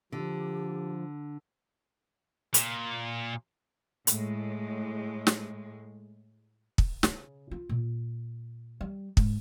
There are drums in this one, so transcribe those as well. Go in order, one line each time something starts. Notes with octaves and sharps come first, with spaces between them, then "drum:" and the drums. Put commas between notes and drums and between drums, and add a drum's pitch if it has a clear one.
D3 F3 G4
A#2, drum: hi-hat
A2 G#3, drum: hi-hat
drum: snare
drum: kick
C#3, drum: snare
F4
A#2
G3
G#2, drum: kick